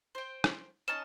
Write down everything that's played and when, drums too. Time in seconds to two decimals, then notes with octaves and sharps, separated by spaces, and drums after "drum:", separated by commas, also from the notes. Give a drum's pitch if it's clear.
0.15 C5 G5
0.44 drum: rim click
0.88 C#4 D#4 A5 E7